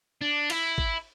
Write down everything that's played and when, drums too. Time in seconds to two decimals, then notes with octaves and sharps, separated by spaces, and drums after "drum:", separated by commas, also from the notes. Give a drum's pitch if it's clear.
0.21 D4
0.50 E4, drum: cymbal
0.78 drum: kick G#1